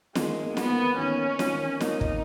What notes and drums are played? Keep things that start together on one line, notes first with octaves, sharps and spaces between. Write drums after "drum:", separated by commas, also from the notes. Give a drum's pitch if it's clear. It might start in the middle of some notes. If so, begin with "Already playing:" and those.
D#3 G#3, drum: snare
A#3
B3, drum: snare
A#3
D#3 C#4
D#3
drum: snare
D#3
A#3 D#4, drum: snare
drum: kick